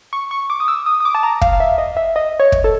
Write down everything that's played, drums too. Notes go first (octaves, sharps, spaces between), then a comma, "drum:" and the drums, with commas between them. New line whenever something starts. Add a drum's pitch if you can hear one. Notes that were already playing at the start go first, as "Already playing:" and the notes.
C#6
C#6
D6
D#6
E6
D#6
D#6
D6
A5
A#5
F5, drum: kick
F5
E5
D#5
E5
D#5
C#5
drum: kick
A4